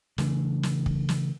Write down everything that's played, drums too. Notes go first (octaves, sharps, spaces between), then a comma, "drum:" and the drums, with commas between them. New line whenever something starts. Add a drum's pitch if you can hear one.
C#3 E3 A3 D4, drum: snare
drum: snare
drum: kick
drum: snare